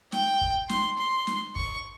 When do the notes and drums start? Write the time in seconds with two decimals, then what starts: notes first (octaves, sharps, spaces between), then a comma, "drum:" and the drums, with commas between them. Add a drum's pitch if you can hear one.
0.12 G5, drum: snare
0.41 drum: kick
0.69 C6, drum: snare
0.98 C6
1.27 drum: snare
1.56 C#6, drum: kick